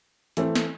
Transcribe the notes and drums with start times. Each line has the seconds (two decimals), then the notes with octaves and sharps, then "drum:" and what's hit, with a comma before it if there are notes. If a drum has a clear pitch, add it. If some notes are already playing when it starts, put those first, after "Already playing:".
0.37 E3 A3 C4, drum: hi-hat
0.55 drum: snare